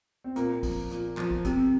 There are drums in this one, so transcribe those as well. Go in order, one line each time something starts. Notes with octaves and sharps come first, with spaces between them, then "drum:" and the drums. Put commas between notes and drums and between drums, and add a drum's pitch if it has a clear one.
C4
A#2 A#3, drum: hi-hat
F3, drum: kick, open hi-hat
A#2, drum: hi-hat
F3, drum: clap
drum: kick
C3, drum: kick, hi-hat